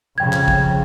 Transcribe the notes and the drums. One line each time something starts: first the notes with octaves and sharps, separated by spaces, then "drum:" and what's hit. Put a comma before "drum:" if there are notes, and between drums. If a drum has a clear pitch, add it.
F2 C#3 G5 G#6
drum: clap
drum: kick